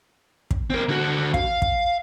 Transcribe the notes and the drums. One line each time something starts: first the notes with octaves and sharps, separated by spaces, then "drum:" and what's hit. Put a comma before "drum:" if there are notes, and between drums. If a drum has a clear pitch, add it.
drum: kick
C4 A#4
D3 F#4
F5, drum: kick
drum: kick